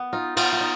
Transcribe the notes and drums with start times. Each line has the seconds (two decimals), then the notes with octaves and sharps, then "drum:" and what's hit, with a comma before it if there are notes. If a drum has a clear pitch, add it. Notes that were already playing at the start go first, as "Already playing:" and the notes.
Already playing: B3
0.13 D#4 F4
0.36 B3 F4, drum: cymbal
0.52 F4
0.61 D#4